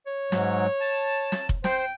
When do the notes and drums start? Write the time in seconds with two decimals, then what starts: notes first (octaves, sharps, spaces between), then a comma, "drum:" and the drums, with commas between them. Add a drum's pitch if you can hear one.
0.07 C#5
0.32 G#2 F#3, drum: snare
0.81 A5
1.32 drum: snare
1.49 drum: kick F1
1.64 C5 G5, drum: snare